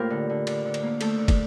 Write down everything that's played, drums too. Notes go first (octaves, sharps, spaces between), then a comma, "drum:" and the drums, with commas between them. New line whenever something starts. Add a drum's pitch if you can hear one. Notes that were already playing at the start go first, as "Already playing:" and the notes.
Already playing: A2 A#3 F4 G4 A#4 C5
D3
D3
D3, drum: cymbal
D3
drum: cymbal
A#3
A3 A4, drum: cymbal
D3
drum: kick, cymbal